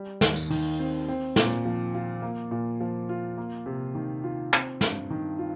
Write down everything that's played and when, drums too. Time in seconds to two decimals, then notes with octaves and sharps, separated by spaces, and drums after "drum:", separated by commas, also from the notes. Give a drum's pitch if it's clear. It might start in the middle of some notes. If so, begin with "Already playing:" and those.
Already playing: G3
0.21 D#2, drum: snare
0.36 drum: tambourine
0.50 D#3, drum: open hi-hat
0.79 C4
1.08 C4
1.36 A#2, drum: snare
1.65 F3
1.95 F4
2.22 A#3
2.51 A#2
2.80 F3
3.09 F4
3.38 A#3
3.66 C3
3.95 D#3
4.24 F4
4.53 C4, drum: clap
4.81 G2, drum: snare
5.10 D#3
5.39 F4